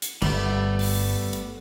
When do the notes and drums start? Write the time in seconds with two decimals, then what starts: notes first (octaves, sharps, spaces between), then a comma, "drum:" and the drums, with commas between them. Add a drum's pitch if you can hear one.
0.02 drum: hi-hat
0.22 G1 G3 A3 B3, drum: cymbal
0.79 drum: open hi-hat
1.33 drum: hi-hat